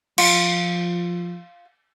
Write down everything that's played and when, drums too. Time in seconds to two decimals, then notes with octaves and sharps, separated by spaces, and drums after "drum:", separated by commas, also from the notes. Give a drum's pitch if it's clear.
0.18 F3 F4, drum: cymbal